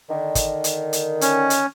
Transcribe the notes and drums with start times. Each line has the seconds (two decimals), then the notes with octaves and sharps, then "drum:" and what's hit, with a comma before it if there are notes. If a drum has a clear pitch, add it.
0.10 D3 D#3
0.35 drum: kick, hi-hat
0.64 drum: hi-hat
0.93 drum: hi-hat
1.21 C#4, drum: hi-hat
1.50 drum: hi-hat